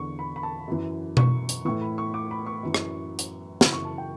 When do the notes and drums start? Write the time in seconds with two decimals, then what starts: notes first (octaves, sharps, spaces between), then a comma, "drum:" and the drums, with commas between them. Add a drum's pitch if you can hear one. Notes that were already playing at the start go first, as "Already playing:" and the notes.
Already playing: E2 D3 C#6
0.19 B5
0.36 B5
0.43 A5
0.68 F#2 E3
1.17 C#6, drum: tom B2
1.49 drum: hi-hat
1.65 A2 E3 C#6
1.81 B5
1.98 C#6
2.14 D6
2.31 B5
2.46 C#6
2.63 F#2 E3
2.74 drum: rim click
3.19 drum: hi-hat
3.61 F#2 C#3 E3 B5, drum: snare
3.73 C#6
3.85 A5
3.98 G5